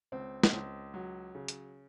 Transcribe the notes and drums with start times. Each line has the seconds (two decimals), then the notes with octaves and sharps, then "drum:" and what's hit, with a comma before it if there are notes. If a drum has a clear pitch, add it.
0.12 C#2 C4
0.43 drum: snare
0.53 C#2
0.94 F#3
1.35 C#3
1.48 drum: hi-hat